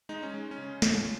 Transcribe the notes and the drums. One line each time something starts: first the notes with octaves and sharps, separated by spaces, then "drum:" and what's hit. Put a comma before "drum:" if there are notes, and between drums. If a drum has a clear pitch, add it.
G#3 D#4
C#4
G#3
C#4
C#3
F3, drum: snare